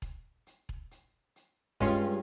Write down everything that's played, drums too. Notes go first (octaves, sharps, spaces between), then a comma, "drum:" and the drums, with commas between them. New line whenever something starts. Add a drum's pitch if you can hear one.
drum: kick E1, hi-hat
drum: hi-hat
drum: kick E1
drum: hi-hat
drum: hi-hat
G2 G#3 C#4 F4, drum: kick E1